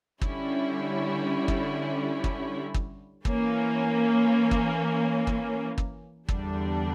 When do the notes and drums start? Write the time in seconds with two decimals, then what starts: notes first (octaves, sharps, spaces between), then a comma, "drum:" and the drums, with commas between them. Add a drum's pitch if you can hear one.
0.21 D3 G3 C#4 E4, drum: kick
1.48 drum: kick
2.24 drum: kick
2.74 drum: kick
3.25 E3 A#3 C#4, drum: kick
4.51 drum: kick
5.27 drum: kick
5.78 drum: kick
6.29 E2 D3 G3 D4, drum: kick